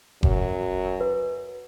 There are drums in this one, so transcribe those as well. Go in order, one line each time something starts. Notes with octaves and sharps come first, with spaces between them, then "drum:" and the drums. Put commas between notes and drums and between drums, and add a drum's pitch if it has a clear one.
F#2, drum: kick F#1
B4